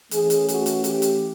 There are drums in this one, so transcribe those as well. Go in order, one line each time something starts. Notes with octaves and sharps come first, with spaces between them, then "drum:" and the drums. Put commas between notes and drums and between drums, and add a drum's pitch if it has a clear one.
E3 A3 C#4 G#4, drum: hi-hat
drum: hi-hat
F#4, drum: hi-hat
drum: hi-hat
G4, drum: hi-hat
drum: hi-hat